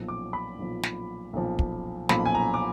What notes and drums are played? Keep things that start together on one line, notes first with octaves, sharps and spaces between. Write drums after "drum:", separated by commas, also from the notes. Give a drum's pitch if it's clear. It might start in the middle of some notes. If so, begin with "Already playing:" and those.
Already playing: B1 A#2 F3
D6
B5
B1 A#2 F3
drum: snare
B1 A#2 F3
drum: kick
B1 A#2 F3 B5, drum: snare
G#5
A#5
D6